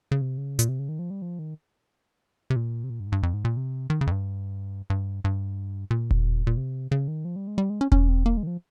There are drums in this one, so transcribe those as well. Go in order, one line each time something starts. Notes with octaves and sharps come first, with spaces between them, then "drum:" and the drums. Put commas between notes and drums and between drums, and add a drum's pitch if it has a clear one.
C#3
C3
C#3
A#2, drum: hi-hat
C3
C#3
D#3
F3
G3
F3
D#3
C3
A#2
C3
A#2
G2
G#2
G2
F2
G#2
A#2
C3
D#3
C#3
F2
G2
G2
G2
A#2
drum: kick E1
A#2
C3
C#3
D#3
F3
G3
G#3
G3
G#3
C#4
C#4, drum: kick E1
C4
A#3
G#3
D#3
F3